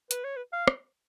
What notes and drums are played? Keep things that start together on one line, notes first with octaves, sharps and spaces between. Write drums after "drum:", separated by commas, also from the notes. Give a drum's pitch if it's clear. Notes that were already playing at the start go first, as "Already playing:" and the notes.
B4, drum: hi-hat
C#5
B4
F5
drum: rim click